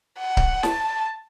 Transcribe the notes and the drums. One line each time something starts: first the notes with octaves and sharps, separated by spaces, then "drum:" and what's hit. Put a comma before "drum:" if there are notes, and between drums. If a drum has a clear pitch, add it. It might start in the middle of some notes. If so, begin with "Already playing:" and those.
F#5
drum: kick C#1
A5, drum: snare